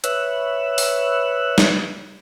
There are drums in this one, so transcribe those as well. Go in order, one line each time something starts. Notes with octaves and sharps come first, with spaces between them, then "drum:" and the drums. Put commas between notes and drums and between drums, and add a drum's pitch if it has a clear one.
B4 C#5 E5 E6 F#6, drum: hi-hat
drum: open hi-hat
drum: snare